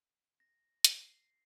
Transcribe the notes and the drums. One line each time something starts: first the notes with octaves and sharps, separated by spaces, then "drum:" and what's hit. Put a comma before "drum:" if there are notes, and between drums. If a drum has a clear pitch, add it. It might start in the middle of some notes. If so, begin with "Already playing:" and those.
A#6
C7, drum: hi-hat